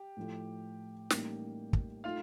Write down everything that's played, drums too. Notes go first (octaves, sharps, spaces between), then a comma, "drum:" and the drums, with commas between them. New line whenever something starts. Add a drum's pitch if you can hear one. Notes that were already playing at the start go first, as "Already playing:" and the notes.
Already playing: G4
A2 F3 A3
A1 A2 G3 A#3 D#4, drum: snare
drum: kick
A3 D#4 F4 F5